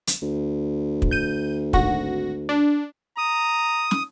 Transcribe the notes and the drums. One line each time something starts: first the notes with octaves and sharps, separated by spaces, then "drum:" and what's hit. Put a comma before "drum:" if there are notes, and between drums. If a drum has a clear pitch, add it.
drum: hi-hat
D2
drum: kick
G6 D#7
G#1 F#4 A#6, drum: kick
D4
A#5 D#6
drum: snare